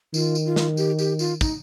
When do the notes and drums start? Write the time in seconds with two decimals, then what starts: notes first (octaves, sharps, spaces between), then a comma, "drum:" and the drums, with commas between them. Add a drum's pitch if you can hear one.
0.14 D#3 F4, drum: tambourine
0.35 drum: tambourine
0.45 F4
0.56 drum: snare
0.77 G4, drum: tambourine
0.99 G4, drum: tambourine
1.19 F4, drum: tambourine
1.41 D#4, drum: kick, tambourine